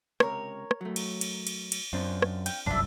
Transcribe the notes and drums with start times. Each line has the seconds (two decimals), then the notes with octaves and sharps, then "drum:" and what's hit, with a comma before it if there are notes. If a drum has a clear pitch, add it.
0.20 C#2 C3 A#4 C#5, drum: rim click
0.71 drum: rim click
0.81 F#3 A3
0.96 drum: cymbal
1.21 drum: cymbal
1.47 drum: cymbal
1.72 drum: cymbal
1.93 F#2 C4 D4 F4
2.22 drum: rim click
2.46 F5 G5, drum: cymbal
2.66 G1 C2 F#2 D4 E4